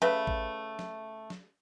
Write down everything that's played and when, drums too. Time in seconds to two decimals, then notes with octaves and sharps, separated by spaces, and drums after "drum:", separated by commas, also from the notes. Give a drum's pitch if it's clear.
0.02 C#3 A3 B4, drum: snare
0.27 drum: kick
0.79 drum: snare
1.30 drum: snare